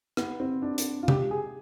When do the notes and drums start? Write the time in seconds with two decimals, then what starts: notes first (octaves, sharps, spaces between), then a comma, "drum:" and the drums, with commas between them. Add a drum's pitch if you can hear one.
0.17 B3, drum: rim click
0.40 C4
0.62 D4
0.78 drum: hi-hat
1.03 F4
1.08 G4, drum: tom C3
1.31 G#4